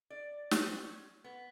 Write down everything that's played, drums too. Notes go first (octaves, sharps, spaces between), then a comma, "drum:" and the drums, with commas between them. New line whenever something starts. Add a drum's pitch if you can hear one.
D5
drum: snare
C#4
B3